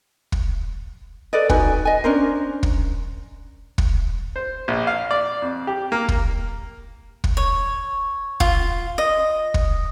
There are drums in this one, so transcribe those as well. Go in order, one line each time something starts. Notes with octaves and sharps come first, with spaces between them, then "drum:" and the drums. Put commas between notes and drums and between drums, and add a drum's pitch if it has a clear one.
drum: kick
A4 B4 D5 D#5
D#4 F#4 B4 G#5, drum: kick
D#5 G#5
C#4 D4 A#4 C5
drum: kick
drum: kick
C5
A#1
F5
D5
F2
G4
A#3
drum: kick
drum: kick
C#5
F4, drum: kick
D#5
drum: kick